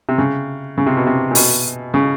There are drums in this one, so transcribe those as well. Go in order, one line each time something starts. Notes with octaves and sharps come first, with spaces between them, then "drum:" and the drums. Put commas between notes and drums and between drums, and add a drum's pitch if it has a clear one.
C3
C#3
C#3
C3
B2
C3
A#2
B2, drum: open hi-hat
C#3